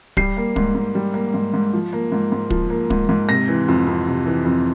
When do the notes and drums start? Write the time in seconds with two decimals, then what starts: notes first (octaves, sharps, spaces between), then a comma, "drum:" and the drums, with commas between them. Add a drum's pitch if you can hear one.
0.17 G3 C7, drum: kick
0.37 A#3
0.56 G#2, drum: kick
0.75 G#2
0.95 G3
1.14 A#3
1.34 G#2
1.54 G#2
1.74 F3
1.93 A#3
2.12 G#2
2.32 G#2
2.50 F3, drum: kick
2.70 A#3
2.90 G#2, drum: kick
3.09 G#2
3.29 C3 A#6
3.48 E3
3.68 F2
3.87 F2
4.08 C3
4.26 E3
4.45 F2